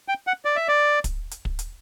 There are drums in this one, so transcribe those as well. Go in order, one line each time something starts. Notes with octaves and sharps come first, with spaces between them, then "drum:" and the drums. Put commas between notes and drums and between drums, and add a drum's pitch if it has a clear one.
G5
F#5
D5
E5
D5
drum: kick, hi-hat
drum: hi-hat
drum: kick
drum: hi-hat